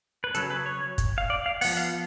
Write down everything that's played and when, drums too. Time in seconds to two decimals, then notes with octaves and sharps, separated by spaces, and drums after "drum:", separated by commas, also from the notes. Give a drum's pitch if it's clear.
0.24 B4
0.35 C#3 F#3 C#4 A4, drum: hi-hat
0.50 B4
0.66 C#5
0.98 drum: kick, hi-hat
1.18 F5
1.30 D5
1.46 F5
1.61 F3 B3 F#5, drum: open hi-hat
1.77 F5